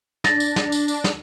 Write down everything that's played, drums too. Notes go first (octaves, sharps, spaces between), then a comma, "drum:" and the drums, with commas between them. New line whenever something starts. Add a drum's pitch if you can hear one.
D4 A6 A#6, drum: snare
drum: tambourine
drum: snare
drum: tambourine
drum: tambourine
drum: snare